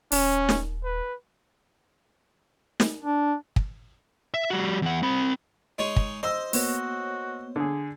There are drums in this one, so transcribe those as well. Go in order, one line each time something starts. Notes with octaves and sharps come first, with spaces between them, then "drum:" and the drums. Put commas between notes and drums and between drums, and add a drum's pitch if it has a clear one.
D#1 C#4, drum: open hi-hat
drum: snare
B4
drum: snare
D4
drum: kick
E5
G3 F#4
E2 F#5
C4 B5
G#3 D#4 C#5
drum: kick
C5 D#5 E6
A#3 B3 F#4 C#5, drum: open hi-hat
D3 G#4